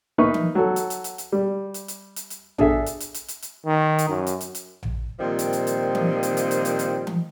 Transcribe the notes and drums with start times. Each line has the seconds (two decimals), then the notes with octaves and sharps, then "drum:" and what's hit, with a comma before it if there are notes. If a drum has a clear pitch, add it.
0.18 A#3 D#4 B4 E5 C#6
0.34 drum: tom E3
0.55 F#3 A4
0.76 drum: hi-hat
0.90 drum: hi-hat
1.04 drum: hi-hat
1.18 drum: hi-hat
1.32 G3
1.74 drum: hi-hat
1.88 drum: hi-hat
2.16 drum: hi-hat
2.30 drum: hi-hat
2.58 D4 G#4 A4 E5, drum: tom A#1
2.86 drum: hi-hat
3.00 drum: hi-hat
3.14 drum: hi-hat
3.28 drum: hi-hat
3.42 drum: hi-hat
3.66 D#3
3.99 drum: hi-hat
4.09 F#2
4.27 drum: hi-hat
4.41 drum: hi-hat
4.55 drum: hi-hat
4.83 drum: tom A#1
5.20 A#2 D#3 F3 G3 C4
5.39 drum: hi-hat
5.53 drum: hi-hat
5.67 drum: hi-hat
5.95 drum: tom E3
6.23 drum: hi-hat
6.37 drum: hi-hat
6.51 drum: hi-hat
6.65 drum: hi-hat
6.79 drum: hi-hat
7.07 drum: tom E3